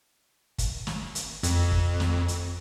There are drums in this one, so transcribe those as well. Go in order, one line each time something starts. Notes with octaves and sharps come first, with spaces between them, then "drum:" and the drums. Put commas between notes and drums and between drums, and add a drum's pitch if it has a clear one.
drum: kick, hi-hat
drum: snare
drum: hi-hat
F2, drum: hi-hat
drum: kick
drum: snare
drum: hi-hat